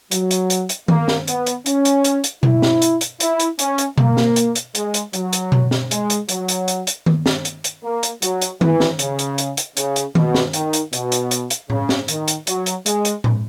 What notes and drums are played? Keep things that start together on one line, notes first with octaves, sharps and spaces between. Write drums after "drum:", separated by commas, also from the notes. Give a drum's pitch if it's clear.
F#3, drum: hi-hat
drum: hi-hat
drum: hi-hat
drum: hi-hat
A#3, drum: tom D#3
drum: snare
B3, drum: hi-hat
drum: hi-hat
C#4, drum: hi-hat
drum: hi-hat
drum: hi-hat
drum: hi-hat
E4, drum: tom B2
drum: snare
drum: hi-hat
drum: hi-hat
E4, drum: hi-hat
drum: hi-hat
C#4, drum: hi-hat
drum: hi-hat
A#3, drum: tom B2
drum: snare
drum: hi-hat
drum: hi-hat
G#3, drum: hi-hat
drum: hi-hat
F#3, drum: hi-hat
drum: hi-hat
drum: tom B2
drum: snare
G#3, drum: hi-hat
drum: hi-hat
F#3, drum: hi-hat
drum: hi-hat
drum: hi-hat
drum: hi-hat
drum: tom D#3
drum: snare
drum: hi-hat
drum: hi-hat
A#3
drum: hi-hat
F#3, drum: hi-hat
drum: hi-hat
E3, drum: tom D#3
drum: snare
C#3, drum: hi-hat
drum: hi-hat
drum: hi-hat
drum: hi-hat
C#3, drum: hi-hat
drum: hi-hat
B2, drum: tom D#3
drum: snare
D#3, drum: hi-hat
drum: hi-hat
B2, drum: hi-hat
drum: hi-hat
drum: hi-hat
drum: hi-hat
C#3, drum: tom A2
drum: snare
D#3, drum: hi-hat
drum: hi-hat
F#3, drum: hi-hat
drum: hi-hat
G#3, drum: hi-hat
drum: hi-hat
drum: tom A2